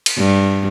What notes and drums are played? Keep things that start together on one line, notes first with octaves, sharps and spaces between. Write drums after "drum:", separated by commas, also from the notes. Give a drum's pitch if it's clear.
drum: cymbal
G2